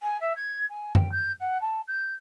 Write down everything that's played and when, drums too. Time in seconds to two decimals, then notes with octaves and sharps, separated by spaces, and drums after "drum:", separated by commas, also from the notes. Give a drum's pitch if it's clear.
0.01 G#5
0.20 E5
0.36 G#6
0.69 G#5
0.95 G5, drum: tom F#2
1.11 G6
1.40 F#5
1.61 A5
1.87 G6